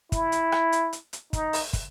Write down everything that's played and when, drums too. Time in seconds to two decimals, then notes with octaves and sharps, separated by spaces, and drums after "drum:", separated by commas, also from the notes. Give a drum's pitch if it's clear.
0.12 E4, drum: kick, hi-hat
0.32 drum: hi-hat
0.52 drum: rim click
0.72 drum: hi-hat
0.93 drum: hi-hat
1.13 drum: hi-hat
1.33 D#4, drum: kick, hi-hat
1.53 drum: open hi-hat
1.73 drum: kick, hi-hat